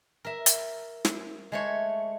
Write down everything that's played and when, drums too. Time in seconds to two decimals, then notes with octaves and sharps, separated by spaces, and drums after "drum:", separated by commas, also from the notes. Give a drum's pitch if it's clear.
0.25 A#4 E5
0.46 drum: hi-hat
1.05 drum: snare
1.52 G#3 A3 C#5